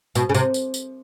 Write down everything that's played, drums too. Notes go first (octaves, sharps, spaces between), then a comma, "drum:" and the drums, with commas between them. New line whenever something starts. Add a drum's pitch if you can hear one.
B2, drum: tambourine
C#3
C3, drum: tambourine
drum: tambourine
drum: tambourine